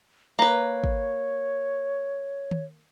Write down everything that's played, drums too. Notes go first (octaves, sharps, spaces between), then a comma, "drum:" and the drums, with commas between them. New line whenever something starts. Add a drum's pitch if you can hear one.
A#3 B4 C#5
drum: kick
drum: tom D#3